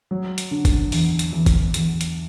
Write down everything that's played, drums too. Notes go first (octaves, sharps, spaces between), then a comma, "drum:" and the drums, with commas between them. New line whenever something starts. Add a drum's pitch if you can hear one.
F#3
drum: hi-hat
D3
drum: kick G1, hi-hat
E2, drum: open hi-hat
drum: hi-hat
E2
drum: kick G1, hi-hat
E2, drum: hi-hat
drum: hi-hat